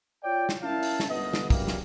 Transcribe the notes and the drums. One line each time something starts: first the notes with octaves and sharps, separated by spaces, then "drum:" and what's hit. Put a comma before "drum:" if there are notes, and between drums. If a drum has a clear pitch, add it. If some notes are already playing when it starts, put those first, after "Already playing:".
F4 C#5 D5 G5
drum: snare
C#4 E4 A#4 E5 F5 A5
drum: open hi-hat
drum: snare
G1 B3 D#5
drum: snare
B1 F#2 E3 G3 A#3, drum: kick, open hi-hat
drum: snare